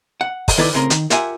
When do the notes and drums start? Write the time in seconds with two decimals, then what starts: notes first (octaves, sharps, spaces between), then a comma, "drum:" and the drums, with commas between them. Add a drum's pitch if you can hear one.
0.21 F#5
0.48 drum: kick, open hi-hat
0.58 D#3 E4 A4 B4 D5
0.73 A2 C#3 C4 A#4 C6
0.90 D#3, drum: hi-hat
1.10 F4 G4 A#4 E5 F#5 G#5, drum: hi-hat